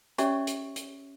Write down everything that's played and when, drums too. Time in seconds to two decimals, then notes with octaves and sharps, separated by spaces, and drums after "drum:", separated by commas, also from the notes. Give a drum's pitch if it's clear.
0.18 C#4 G4 C#5 D5 E5 C#6, drum: hi-hat
0.47 drum: hi-hat
0.76 drum: hi-hat